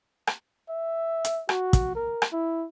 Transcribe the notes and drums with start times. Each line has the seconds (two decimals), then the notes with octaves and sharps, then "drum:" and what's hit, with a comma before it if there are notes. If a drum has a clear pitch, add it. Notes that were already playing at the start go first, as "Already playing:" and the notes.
0.27 drum: rim click
0.69 E5
1.25 drum: hi-hat
1.49 F#4, drum: rim click
1.73 drum: kick, hi-hat
1.95 A#4
2.22 drum: rim click
2.32 E4